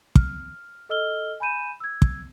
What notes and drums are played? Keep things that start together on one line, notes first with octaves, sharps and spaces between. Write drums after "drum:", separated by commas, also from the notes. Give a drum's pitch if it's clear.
F6, drum: kick
A4 D#5 E6 F6 G7
G#5 B5 G6 D#7 E7
E6 G#6
drum: kick